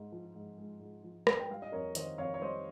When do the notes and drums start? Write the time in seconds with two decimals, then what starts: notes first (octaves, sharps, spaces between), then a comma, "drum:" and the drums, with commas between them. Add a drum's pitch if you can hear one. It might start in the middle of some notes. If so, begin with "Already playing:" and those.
Already playing: G#2 G#3
0.12 F3
0.35 G#2
0.58 G#3
0.80 G#2
1.04 F3
1.27 G#2, drum: rim click
1.40 G5
1.50 G3 F5
1.62 D#5
1.72 F2 A#4 C#5
1.95 D#3 C5 D#5, drum: hi-hat
2.18 F2 C#5 F5
2.34 C#5
2.41 G3 C5 D#5